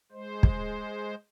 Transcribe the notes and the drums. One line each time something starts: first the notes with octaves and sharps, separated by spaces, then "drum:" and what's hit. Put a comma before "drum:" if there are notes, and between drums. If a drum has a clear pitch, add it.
G#3 C5
drum: kick